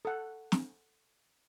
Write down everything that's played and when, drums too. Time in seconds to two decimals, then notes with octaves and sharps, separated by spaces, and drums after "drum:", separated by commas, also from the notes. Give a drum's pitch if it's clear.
0.05 A4 F#5
0.52 drum: snare